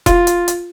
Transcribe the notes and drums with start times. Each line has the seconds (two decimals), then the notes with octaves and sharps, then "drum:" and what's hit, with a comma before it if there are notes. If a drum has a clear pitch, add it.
0.06 F4, drum: kick E1, hi-hat
0.27 drum: hi-hat
0.48 drum: hi-hat